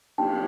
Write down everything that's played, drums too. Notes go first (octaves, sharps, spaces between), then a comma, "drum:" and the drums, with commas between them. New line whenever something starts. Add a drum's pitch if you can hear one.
D4 G5 A5, drum: cymbal